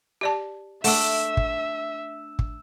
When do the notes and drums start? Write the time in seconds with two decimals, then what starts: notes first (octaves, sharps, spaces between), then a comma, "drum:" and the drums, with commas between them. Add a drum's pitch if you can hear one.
0.21 G4 D5 A5
0.84 A3 D4 E5 F#5 E6 E7, drum: open hi-hat
1.37 drum: kick
2.39 drum: kick